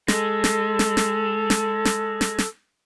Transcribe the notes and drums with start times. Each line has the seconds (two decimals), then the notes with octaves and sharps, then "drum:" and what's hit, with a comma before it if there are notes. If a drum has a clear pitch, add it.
0.08 G#3 A4, drum: snare
0.44 drum: snare
0.79 drum: snare
0.97 drum: snare
1.50 drum: snare
1.85 drum: snare
2.21 drum: snare
2.38 drum: snare